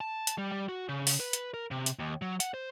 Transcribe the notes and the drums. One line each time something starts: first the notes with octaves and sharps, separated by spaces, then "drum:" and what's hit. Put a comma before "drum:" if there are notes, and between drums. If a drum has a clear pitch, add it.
A5
drum: hi-hat
G3
G3
F#4
C#3
drum: open hi-hat
B4
drum: hi-hat
A#4
C3
drum: hi-hat
D#2
F#3
F#5, drum: hi-hat
C5